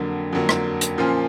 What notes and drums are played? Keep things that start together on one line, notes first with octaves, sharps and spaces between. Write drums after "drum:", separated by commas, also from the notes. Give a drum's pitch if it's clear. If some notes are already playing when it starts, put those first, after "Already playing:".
Already playing: F2 D3 F#3 A#3
F2 D3 F#3 A#3
drum: rim click
drum: hi-hat
A#2 F3 A#3 C#4 F4